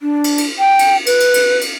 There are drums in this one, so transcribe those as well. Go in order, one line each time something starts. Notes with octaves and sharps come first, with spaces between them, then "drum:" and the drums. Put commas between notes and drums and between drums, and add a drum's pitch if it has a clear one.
D4
drum: cymbal
drum: cymbal
G5
drum: cymbal
B4, drum: cymbal
drum: cymbal
drum: cymbal
drum: cymbal